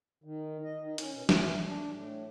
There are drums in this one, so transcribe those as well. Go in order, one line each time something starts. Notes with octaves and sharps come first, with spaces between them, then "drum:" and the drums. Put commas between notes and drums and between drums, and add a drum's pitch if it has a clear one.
D#3
D#5
D#3
C#4, drum: hi-hat
B2
E3, drum: snare
D4
A2